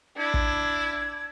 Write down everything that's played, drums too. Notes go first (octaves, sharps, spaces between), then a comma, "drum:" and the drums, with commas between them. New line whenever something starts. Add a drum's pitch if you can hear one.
D4 E4 G#6
drum: kick